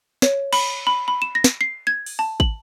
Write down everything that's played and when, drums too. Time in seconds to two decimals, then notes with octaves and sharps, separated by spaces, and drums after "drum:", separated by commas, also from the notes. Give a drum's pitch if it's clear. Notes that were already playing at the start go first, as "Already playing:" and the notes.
0.22 C#5, drum: snare
0.53 B5, drum: cymbal
0.87 B5
1.08 B5
1.22 E7
1.35 A#6
1.44 drum: snare
1.61 C7
1.87 G#6
2.06 drum: open hi-hat
2.19 A5
2.40 F#7, drum: kick